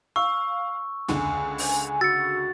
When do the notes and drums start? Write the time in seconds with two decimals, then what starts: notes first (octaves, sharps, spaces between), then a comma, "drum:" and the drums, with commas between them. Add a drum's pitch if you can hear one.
0.16 F5 C#6 E6
1.09 C#2 D3 G#5, drum: tom
1.58 drum: open hi-hat
2.01 F#4 E6 A6 C#7